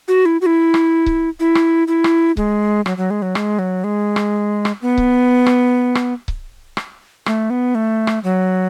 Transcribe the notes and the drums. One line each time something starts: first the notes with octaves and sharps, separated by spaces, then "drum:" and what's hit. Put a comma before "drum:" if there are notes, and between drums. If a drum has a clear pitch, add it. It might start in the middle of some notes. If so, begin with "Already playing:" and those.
F#4
E4
F#4
E4
drum: rim click
drum: kick C#1
E4
drum: rim click
E4
drum: rim click
G#3, drum: kick C#1
F#3, drum: rim click
F#3
G#3
F#3
G#3, drum: rim click
F#3
G#3
drum: rim click
drum: rim click
B3
drum: kick C#1
drum: rim click
drum: rim click
drum: kick C#1
drum: rim click
A3, drum: rim click
B3
A3
drum: rim click
F#3